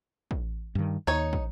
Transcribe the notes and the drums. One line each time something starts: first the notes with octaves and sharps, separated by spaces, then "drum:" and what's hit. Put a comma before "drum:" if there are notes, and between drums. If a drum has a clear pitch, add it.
drum: kick
G2 D#3
D#2 D#4 C#5
drum: kick